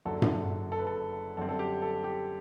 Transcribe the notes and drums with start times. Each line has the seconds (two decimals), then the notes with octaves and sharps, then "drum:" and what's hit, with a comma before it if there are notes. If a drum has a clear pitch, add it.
0.05 F#1 F#2 D3 F#3 A4
0.22 drum: tom G2
0.72 A4
0.79 B4
0.87 A4
1.37 F#2 D3 G3 C4 A4
1.49 A4
1.59 G4
1.82 A4
2.04 G4